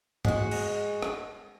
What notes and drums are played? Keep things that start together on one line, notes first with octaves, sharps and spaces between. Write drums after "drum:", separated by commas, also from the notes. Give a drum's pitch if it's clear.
G#3 F#4, drum: tom G#2
drum: cymbal
drum: rim click